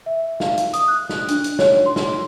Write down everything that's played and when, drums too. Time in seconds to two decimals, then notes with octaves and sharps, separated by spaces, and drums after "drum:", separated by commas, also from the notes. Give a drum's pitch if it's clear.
0.06 E5
0.40 F5, drum: snare
0.57 drum: hi-hat
0.73 D#6, drum: hi-hat
0.88 F#6
1.09 drum: snare
1.28 D4, drum: hi-hat
1.44 drum: hi-hat
1.59 C#5, drum: snare
1.86 C6
1.96 drum: snare